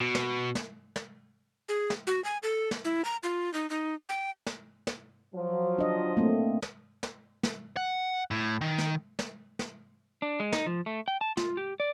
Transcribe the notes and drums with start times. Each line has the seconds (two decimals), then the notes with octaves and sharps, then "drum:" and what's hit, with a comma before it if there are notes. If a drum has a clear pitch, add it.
0.01 B2
0.15 drum: snare
0.55 drum: snare
0.96 drum: snare
1.69 G#4
1.90 drum: snare
2.07 F#4
2.24 G#5
2.43 A4
2.71 drum: snare
2.85 E4
3.05 A#5
3.23 F4
3.54 D#4
3.70 D#4
4.09 G5
4.46 drum: snare
4.87 drum: snare
5.35 F3 F#3
5.78 D4 D#5
6.17 A3 A#3 C4
6.62 drum: snare
7.03 drum: snare
7.43 drum: snare
7.77 F#5
8.31 A2
8.61 D#3
8.78 drum: snare
9.19 drum: snare
9.59 drum: snare
10.22 D4
10.40 G#3
10.52 D#4, drum: snare
10.66 F3
10.86 A3
11.08 G5
11.21 A5
11.37 F4, drum: snare
11.57 G4
11.80 D5